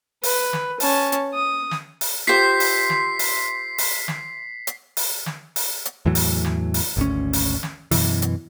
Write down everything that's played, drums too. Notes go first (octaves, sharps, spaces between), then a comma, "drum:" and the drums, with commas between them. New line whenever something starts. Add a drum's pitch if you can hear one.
B4, drum: open hi-hat
drum: snare
C#4 A5, drum: open hi-hat
drum: hi-hat
D#6
drum: snare
drum: open hi-hat
F4 G4 C5 E5 B6 C7
drum: open hi-hat
drum: snare
drum: open hi-hat
drum: open hi-hat
drum: snare
drum: hi-hat
drum: open hi-hat
drum: snare
drum: open hi-hat
drum: hi-hat
E2 A2 E3 F#3
drum: open hi-hat
drum: snare
drum: open hi-hat
G#1 D2 C#4
drum: open hi-hat
drum: snare
F#2 B2 E3, drum: open hi-hat
drum: hi-hat